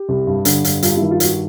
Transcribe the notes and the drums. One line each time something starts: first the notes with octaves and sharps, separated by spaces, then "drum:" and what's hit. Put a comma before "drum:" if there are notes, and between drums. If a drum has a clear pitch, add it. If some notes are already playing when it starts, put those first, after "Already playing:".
Already playing: G4
C2
G2
D3, drum: hi-hat
G2, drum: hi-hat
G2 F4, drum: hi-hat
D#3 E4
F4
G2 F#4, drum: hi-hat